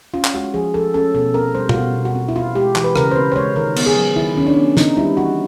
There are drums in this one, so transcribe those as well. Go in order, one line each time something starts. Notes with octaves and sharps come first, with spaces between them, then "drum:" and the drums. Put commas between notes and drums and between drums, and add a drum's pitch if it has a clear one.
C#4 F4
drum: clap
G#3 F#4
F3 G#4
F3 A4
C#4 A4
B2 A4
C4 A#4
G3 C5
F4, drum: tom
B2 F#4
B2
F#4
C4
E4
C4 F4
G#3 G4
E3, drum: clap
B4
C#3 A#4, drum: rim click
C5
C4 B4
C5
G#3 C#5
D#3 A#4
B3, drum: cymbal
G#4
F#3
D#3 E4
D#3 C#4
D4
B3
B3 D#4, drum: snare
G3 E4
E3 F#4